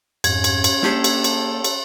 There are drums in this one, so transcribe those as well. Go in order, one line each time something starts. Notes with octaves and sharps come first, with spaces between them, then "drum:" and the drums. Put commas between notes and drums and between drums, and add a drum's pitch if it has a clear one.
F2 G#2 C#4 G#6, drum: cymbal
drum: cymbal
drum: cymbal
A#3 D4 G4 A4, drum: snare
drum: cymbal
drum: cymbal
drum: cymbal